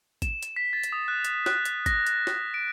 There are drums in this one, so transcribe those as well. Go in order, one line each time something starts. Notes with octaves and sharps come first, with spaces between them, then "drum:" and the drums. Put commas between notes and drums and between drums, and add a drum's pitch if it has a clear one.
E7, drum: kick, hi-hat
drum: hi-hat
B6
A6
drum: hi-hat
D#6
F#6
drum: hi-hat
F#6, drum: snare
drum: hi-hat
A#6, drum: kick, hi-hat
drum: hi-hat
drum: snare
D7